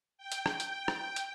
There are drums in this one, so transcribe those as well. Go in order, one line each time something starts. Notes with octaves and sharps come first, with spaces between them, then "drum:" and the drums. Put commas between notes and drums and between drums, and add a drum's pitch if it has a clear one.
G5
drum: hi-hat
drum: rim click
drum: hi-hat
drum: rim click
drum: hi-hat